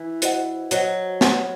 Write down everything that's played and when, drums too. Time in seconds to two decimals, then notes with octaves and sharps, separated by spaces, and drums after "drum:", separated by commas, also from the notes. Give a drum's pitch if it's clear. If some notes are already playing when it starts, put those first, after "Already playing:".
Already playing: E3
0.22 F#4 C5 D#5 F#5, drum: hi-hat
0.71 F#3 F#4 C5 D#5 F#5, drum: hi-hat
1.21 B4 F#5 B5, drum: snare